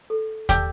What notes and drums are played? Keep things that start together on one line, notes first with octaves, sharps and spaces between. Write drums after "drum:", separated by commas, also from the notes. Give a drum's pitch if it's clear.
A4
G4 A4 D5, drum: kick D#2, hi-hat